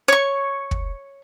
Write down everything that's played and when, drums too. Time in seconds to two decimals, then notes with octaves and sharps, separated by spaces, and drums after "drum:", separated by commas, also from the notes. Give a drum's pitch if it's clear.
0.08 C#5 C#6
0.71 drum: kick